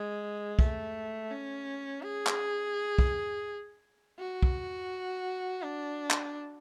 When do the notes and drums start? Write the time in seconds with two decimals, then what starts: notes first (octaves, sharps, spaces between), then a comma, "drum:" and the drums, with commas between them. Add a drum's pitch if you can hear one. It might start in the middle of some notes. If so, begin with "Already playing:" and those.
Already playing: G#3
0.59 A3, drum: kick
1.30 C#4
2.02 G#4
2.27 drum: clap
2.99 drum: kick
4.19 F#4
4.43 drum: kick
5.63 D4
6.11 drum: clap